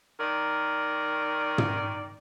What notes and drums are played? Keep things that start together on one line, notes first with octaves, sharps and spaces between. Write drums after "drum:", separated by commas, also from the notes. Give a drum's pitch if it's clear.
D#3 A#4 D5
drum: tom